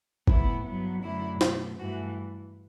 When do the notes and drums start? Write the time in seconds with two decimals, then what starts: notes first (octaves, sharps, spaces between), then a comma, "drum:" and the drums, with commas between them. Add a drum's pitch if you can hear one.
0.27 A2 E3 B3 E4, drum: kick F#1
0.65 G2 F#3 B3
1.03 F#2 D3 A3 E4
1.41 B2 A3, drum: snare
1.79 G2 E3 A3 F#4